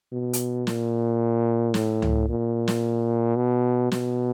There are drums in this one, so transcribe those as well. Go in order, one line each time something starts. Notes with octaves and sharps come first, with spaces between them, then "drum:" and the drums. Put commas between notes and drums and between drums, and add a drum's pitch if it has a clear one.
B2
drum: hi-hat
A#2, drum: snare
A2, drum: snare
drum: tom C#2
A#2
drum: snare
B2
B2, drum: snare